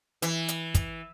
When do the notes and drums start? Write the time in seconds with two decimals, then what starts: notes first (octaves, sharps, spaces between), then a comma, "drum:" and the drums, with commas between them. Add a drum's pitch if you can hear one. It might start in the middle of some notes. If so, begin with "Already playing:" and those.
0.22 E3, drum: hi-hat
0.48 drum: hi-hat
0.75 drum: kick, hi-hat